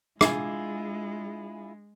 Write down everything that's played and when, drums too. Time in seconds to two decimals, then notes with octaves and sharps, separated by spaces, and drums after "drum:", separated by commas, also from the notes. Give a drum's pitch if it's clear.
0.21 G#3 D4 E4 F4 G#4 G#5 G#6, drum: rim click